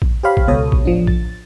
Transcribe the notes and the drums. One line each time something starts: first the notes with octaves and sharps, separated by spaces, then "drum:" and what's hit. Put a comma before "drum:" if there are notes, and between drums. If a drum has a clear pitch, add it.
drum: kick A#1
G4 C5 C#5 F5 B5
drum: kick A#1
C#2 B2 A4 C#5 D#6
drum: kick A#1
A1 F3 D4
A6, drum: kick A#1